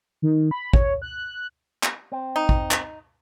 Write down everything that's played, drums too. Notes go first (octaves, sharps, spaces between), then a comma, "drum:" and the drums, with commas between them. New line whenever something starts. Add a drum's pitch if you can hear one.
D#3
B5
C#5, drum: kick A1
F#6
drum: clap
C4
D#4
drum: kick A1
drum: clap